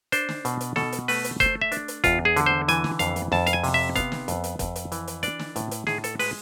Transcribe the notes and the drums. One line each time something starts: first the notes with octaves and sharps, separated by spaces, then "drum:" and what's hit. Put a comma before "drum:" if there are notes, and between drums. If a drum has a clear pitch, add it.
D4 C5, drum: hi-hat
drum: snare
B2, drum: hi-hat
drum: hi-hat
B2 A4, drum: snare
drum: hi-hat
A3 B4, drum: open hi-hat
drum: hi-hat
A3 C5, drum: kick F#1, hi-hat
E5
D4, drum: hi-hat
drum: hi-hat
E2 F4, drum: kick F#1, hi-hat
G#4
D3, drum: hi-hat
C5
E3 G#5, drum: hi-hat
drum: snare
F2 F5, drum: hi-hat
drum: hi-hat
F2 A5, drum: snare
F5, drum: hi-hat
G#5
C3, drum: open hi-hat
E5
B3 F5, drum: kick F#1, hi-hat
drum: snare
F2, drum: hi-hat
drum: hi-hat
F2, drum: kick F#1, hi-hat
drum: hi-hat
E3, drum: hi-hat
drum: hi-hat
D4 D5, drum: hi-hat
drum: snare
A2, drum: hi-hat
drum: hi-hat
A2 G#4, drum: snare
A4, drum: hi-hat
G#3 B4, drum: open hi-hat